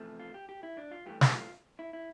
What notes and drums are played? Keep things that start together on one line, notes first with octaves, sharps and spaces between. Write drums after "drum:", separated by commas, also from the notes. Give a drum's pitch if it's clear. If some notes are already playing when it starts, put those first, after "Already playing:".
Already playing: E2 C3 F3 A3
F4
G4
G4
E4
D4
F4
G2 E3 A3 G4
G4, drum: snare
F4
E4
E4